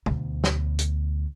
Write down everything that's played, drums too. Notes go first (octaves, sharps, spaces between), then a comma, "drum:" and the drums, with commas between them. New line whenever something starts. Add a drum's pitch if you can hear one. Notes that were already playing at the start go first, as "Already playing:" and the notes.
D2 B2, drum: tom
drum: snare
drum: hi-hat